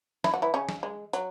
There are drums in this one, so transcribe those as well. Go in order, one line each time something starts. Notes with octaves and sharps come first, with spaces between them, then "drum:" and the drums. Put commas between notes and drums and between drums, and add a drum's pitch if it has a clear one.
E4, drum: snare
F#4
E3 E4
C#3 C#4
drum: snare
G#3
F#3, drum: hi-hat